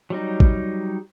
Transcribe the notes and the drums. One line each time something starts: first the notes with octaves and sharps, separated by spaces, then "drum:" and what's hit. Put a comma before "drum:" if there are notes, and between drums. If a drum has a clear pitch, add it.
F#3 G3 D#4
drum: kick A1